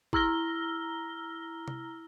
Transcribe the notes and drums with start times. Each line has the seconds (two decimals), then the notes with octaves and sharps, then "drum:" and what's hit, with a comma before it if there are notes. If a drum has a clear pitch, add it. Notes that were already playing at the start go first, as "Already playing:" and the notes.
0.13 E4 A#5 E6 F6 A#6 G7, drum: kick
1.68 drum: tom C3